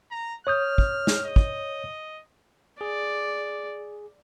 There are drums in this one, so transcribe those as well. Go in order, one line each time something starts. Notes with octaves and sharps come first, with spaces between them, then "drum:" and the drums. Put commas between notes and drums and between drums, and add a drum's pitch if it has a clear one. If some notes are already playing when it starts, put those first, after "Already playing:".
A#5
C#5 D#6 F6 G6
drum: kick
drum: snare
D#5
drum: kick
G#4 D5